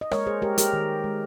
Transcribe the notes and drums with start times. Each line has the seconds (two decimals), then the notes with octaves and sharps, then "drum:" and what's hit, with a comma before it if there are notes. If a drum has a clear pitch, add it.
0.01 D#5
0.11 G#3 A#4 C#5, drum: rim click
0.27 G#4 C5
0.42 G#3 G4 A#4
0.58 G4 A#4, drum: hi-hat
0.73 D#3
1.04 G#3